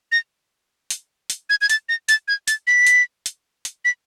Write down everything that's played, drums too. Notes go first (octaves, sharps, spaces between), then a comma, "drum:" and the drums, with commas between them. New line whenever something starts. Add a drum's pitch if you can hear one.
A#6
drum: hi-hat
drum: hi-hat
G#6
G#6
A6, drum: hi-hat
A#6
A6, drum: hi-hat
G#6
A6, drum: hi-hat
B6
drum: hi-hat
drum: hi-hat
drum: hi-hat
B6